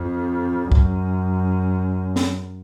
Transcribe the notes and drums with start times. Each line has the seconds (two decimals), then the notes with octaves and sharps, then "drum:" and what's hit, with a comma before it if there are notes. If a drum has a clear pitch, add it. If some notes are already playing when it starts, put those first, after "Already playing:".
Already playing: F2
0.72 F#2, drum: kick C2
2.16 drum: snare